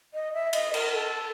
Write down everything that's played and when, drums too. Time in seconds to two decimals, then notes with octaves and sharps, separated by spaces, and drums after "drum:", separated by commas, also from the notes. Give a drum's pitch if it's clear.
0.14 D#5
0.34 E5
0.53 D#5, drum: cymbal
0.74 A#4, drum: cymbal
0.93 A4